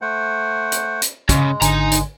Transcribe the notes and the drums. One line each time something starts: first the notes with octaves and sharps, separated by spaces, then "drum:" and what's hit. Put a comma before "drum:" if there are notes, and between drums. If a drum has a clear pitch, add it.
A3 C5 F#5
drum: hi-hat
drum: hi-hat
C#3 G#3, drum: kick, hi-hat
G#1 D3 D#4 G#5 A#5, drum: hi-hat
drum: hi-hat